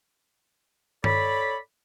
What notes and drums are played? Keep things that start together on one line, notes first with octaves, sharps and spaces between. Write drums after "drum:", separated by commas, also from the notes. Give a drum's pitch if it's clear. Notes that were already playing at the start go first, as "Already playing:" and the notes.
A4 C#5 D5 B5, drum: tom G2